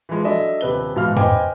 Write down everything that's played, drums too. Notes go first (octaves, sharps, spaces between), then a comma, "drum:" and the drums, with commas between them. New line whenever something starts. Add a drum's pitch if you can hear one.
E3 F3 G#3
F#3 D4 A4 D#5 E5
D#1 C3 B4 G7
G#2 B2 E3 F#3 F5 F6
B4 C5 D#5 G5 G#5 D6, drum: tom